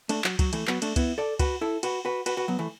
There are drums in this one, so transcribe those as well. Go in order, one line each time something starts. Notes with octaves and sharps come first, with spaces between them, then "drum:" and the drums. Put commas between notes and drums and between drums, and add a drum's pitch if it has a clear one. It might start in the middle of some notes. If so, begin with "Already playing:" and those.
A3 D4, drum: cymbal
F#3, drum: clap
F#3, drum: kick C#2, cymbal
E3 A3, drum: cymbal
F#3 B3, drum: clap
A3 D4, drum: cymbal
B3 E4, drum: kick C#2, cymbal
A4 D5
F#4 B4, drum: kick C#2, cymbal
E4 A4
F#4 B4, drum: cymbal
F#4 B4
F#4 B4, drum: cymbal
F#4 B4
F#3 B3
E3 A3